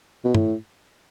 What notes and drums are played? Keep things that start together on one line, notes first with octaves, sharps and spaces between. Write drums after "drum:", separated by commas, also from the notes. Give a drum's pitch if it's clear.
B2
A2, drum: tom G2